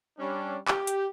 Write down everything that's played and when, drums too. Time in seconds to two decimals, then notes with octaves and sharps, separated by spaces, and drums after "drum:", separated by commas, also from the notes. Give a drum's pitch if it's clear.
0.18 G3 C#4 D4
0.68 G4, drum: clap
0.87 drum: hi-hat